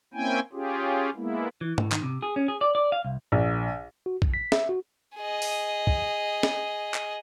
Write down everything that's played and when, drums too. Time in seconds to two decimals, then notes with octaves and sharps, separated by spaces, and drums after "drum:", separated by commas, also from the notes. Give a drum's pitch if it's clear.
0.14 A#3 C4 C#4 E4 G5 G#5
0.53 C#4 F4 G4 G#4
1.16 G#3 A#3 B3 E4
1.61 E3
1.78 A2, drum: tom G#2
1.92 D#3, drum: clap
2.03 C3
2.23 G#4
2.36 C#4
2.48 G#4
2.61 D5
2.75 D5
2.92 F5
3.05 C2
3.32 A#1
4.06 F#4
4.22 A#1, drum: kick
4.34 B6
4.52 E5, drum: snare
4.69 F#4
5.17 G#4 D#5
5.42 drum: open hi-hat
5.87 drum: kick
6.43 drum: snare
6.94 drum: clap